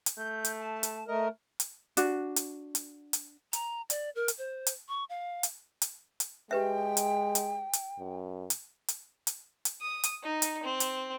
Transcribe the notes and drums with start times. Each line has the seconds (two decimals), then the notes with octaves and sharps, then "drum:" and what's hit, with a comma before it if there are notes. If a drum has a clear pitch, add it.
0.06 drum: hi-hat
0.18 A3 G6
0.45 drum: hi-hat
0.60 A5
0.83 drum: hi-hat
1.08 A3 A#4 D#5
1.60 drum: hi-hat
1.97 D4 F#4, drum: hi-hat
2.36 drum: hi-hat
2.75 drum: hi-hat
3.13 drum: hi-hat
3.53 A#5, drum: hi-hat
3.90 D5, drum: hi-hat
4.15 A#4
4.28 drum: hi-hat
4.38 C5
4.66 drum: hi-hat
4.89 C#6
5.10 F5
5.43 drum: hi-hat
5.82 drum: hi-hat
6.20 drum: hi-hat
6.51 G#3 G4 B4 E5 G5
6.97 drum: hi-hat
7.35 drum: hi-hat
7.73 drum: hi-hat
7.99 F#2
8.50 drum: hi-hat
8.88 drum: hi-hat
9.27 drum: hi-hat
9.65 drum: hi-hat
9.81 D#6
10.04 drum: hi-hat
10.23 D#4
10.42 drum: hi-hat
10.63 C4
10.80 drum: hi-hat